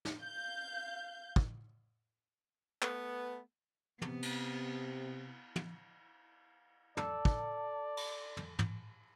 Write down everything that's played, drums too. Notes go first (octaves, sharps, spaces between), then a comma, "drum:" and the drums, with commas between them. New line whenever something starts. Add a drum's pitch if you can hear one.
drum: snare
F5 G6
drum: kick
A3 B3, drum: clap
C3 B3, drum: tom
drum: cymbal
drum: tom
A4 D5, drum: tom
drum: kick
drum: cymbal
drum: tom
drum: tom